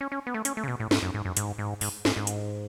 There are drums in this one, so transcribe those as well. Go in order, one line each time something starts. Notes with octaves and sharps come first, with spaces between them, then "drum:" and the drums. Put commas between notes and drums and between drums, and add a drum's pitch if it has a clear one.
C#4
C#4
B3
A3
C#4, drum: hi-hat
A3
C#3
B2
A2
G#2, drum: snare
F#2
G#2
F#2
G#2, drum: hi-hat
G#2
G#2, drum: open hi-hat
G#2, drum: snare
G#2
drum: hi-hat